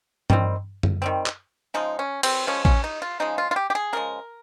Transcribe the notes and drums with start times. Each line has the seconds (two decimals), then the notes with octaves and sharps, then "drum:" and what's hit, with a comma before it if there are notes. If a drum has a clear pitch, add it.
0.30 D#3 G3 C4, drum: tom G2
0.83 drum: tom F#2
1.02 D#3 G3 C4
1.26 drum: clap
1.74 C#3 F3 G#3 D#4
1.99 C#4
2.23 C4, drum: cymbal
2.47 C#3 F3 G#3 C#4
2.65 C#4, drum: kick A1
2.84 D#4
3.02 F4
3.20 C#3 F3 G#3 D#4
3.38 F4
3.51 F4
3.56 G4
3.70 G4
3.75 G#4
3.93 C#3 F3 G#3 A#4